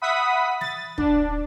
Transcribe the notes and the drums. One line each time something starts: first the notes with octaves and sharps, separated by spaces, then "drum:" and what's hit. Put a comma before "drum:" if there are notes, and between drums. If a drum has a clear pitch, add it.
E5 F#5 B5 D#6 B6
A6, drum: snare
D4, drum: kick